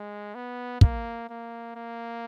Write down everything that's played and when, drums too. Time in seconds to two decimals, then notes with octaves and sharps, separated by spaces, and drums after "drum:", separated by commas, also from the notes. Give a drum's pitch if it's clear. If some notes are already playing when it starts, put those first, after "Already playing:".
Already playing: G#3
0.35 B3
0.81 A#3, drum: kick
1.29 A#3
1.76 A#3